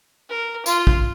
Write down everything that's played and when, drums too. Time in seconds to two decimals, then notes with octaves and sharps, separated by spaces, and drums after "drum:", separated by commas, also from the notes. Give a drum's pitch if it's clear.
0.30 A#4
0.66 F4, drum: tambourine
0.87 drum: kick